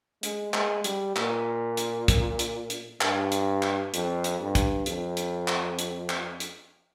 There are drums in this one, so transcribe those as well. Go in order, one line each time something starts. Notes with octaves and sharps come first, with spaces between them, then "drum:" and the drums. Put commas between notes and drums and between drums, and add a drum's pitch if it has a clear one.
G#3, drum: hi-hat
G#3, drum: clap
G3, drum: hi-hat
A#2, drum: clap
drum: hi-hat
drum: kick, hi-hat
drum: hi-hat
drum: hi-hat
G2, drum: clap
drum: hi-hat
drum: clap
F2, drum: hi-hat
drum: hi-hat
G2
drum: kick, hi-hat
F2, drum: hi-hat
drum: hi-hat
drum: clap
drum: hi-hat
drum: clap
drum: hi-hat